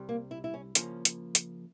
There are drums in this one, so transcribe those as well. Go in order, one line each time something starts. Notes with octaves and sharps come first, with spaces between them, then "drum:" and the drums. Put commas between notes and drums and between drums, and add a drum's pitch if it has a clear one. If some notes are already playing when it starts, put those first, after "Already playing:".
Already playing: C2 C3 G3
A#3
E4
E4
C#4
C#3 F3 A#3 C#4, drum: hi-hat
drum: hi-hat
drum: hi-hat